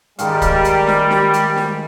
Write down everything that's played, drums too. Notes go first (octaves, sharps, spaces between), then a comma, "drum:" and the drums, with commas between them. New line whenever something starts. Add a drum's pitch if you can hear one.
D#3 G3 G#3 F5, drum: hi-hat
drum: kick C#1, hi-hat
drum: hi-hat
drum: snare
drum: snare
drum: hi-hat
drum: snare